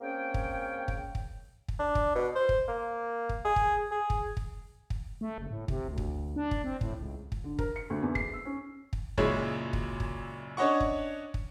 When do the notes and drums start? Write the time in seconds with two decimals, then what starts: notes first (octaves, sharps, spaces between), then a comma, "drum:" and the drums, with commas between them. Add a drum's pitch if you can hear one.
0.01 A#3 C4 C#4 G#4 C#5 G5
0.34 drum: kick
0.88 drum: kick
1.15 drum: kick
1.68 drum: kick
1.79 D4
1.95 drum: kick
2.15 B2
2.35 C5
2.49 drum: kick
2.68 A#3
3.29 drum: kick
3.44 G#4
3.56 drum: kick
3.91 G#4
4.10 drum: kick
4.37 drum: kick
4.90 drum: kick
5.21 A3
5.38 F#1
5.51 A2
5.68 C3, drum: kick
5.89 D2
5.98 drum: kick
6.36 D4
6.51 drum: kick
6.64 C4
6.81 A2, drum: kick
6.99 C#2
7.32 drum: kick
7.44 D3
7.59 A#4, drum: kick
7.76 C#7
7.90 D2
8.02 E2
8.15 C7, drum: kick
8.33 E6
8.45 C#4
8.93 drum: kick
9.18 F#2 A#2 C#3 G#3 E4 C#5, drum: kick
9.73 drum: kick
10.00 drum: kick
10.57 C#4 D4 C#5 D#5 F#5 C#6
10.80 drum: kick
11.34 drum: kick